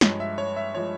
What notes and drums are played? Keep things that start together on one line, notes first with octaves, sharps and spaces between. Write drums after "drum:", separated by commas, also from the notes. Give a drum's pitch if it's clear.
G2 F3 G#3 C#5, drum: snare
E5
C#5
E5
F3 G#3 C#5